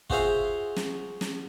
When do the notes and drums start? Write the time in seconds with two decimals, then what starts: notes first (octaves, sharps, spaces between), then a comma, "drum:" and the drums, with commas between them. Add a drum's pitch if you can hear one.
0.10 F4 F#4 G#4 C5 E5 F5, drum: kick
0.76 drum: snare
1.21 drum: snare